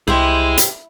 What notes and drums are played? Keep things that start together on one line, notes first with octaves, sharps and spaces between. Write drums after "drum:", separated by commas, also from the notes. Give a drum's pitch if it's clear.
C2 E4 G4 G#4 C5 D#5 G5
drum: hi-hat